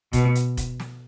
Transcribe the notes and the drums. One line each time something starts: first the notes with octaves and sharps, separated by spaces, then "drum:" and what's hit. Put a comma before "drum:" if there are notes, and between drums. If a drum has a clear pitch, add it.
B2, drum: kick F1, hi-hat
drum: hi-hat
drum: kick F1, hi-hat
drum: snare